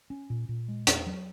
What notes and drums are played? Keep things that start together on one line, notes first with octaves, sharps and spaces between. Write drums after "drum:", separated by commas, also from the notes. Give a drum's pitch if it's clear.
C#4
A#2
A#2
G#3
E2, drum: hi-hat
F#3